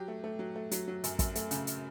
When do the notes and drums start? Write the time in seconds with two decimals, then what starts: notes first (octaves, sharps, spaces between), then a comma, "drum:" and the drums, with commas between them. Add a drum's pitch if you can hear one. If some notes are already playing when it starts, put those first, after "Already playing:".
Already playing: F#3 G4
0.08 A3
0.24 A3
0.39 F#3
0.56 A3
0.71 F#3, drum: hi-hat
0.88 F#3
1.04 F#2, drum: hi-hat
1.19 F#2, drum: kick, hi-hat
1.35 A3, drum: hi-hat
1.51 C#3, drum: hi-hat
1.67 drum: hi-hat